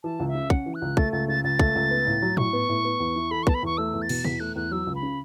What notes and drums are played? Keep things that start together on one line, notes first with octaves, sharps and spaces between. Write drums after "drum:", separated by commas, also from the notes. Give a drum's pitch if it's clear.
E3 A5
C#2
E5
C#3
C#4 F#5, drum: kick
E3
F#6
C#2
A3 A6, drum: kick
C#2 A6
C#3 A6
C#2 A6
A3, drum: kick
C#2
B3
A2
F#3
A2 C#6, drum: tom
B3
A2
B3
E2
E3
A4 B5
C#6
B3 A5, drum: kick
B5
E2 C#6
A3 E6
E2
A6
B2, drum: cymbal
E2 B6, drum: tom
A3 F#6
E2 F#6
F#3 E6
C#2
B5
C#3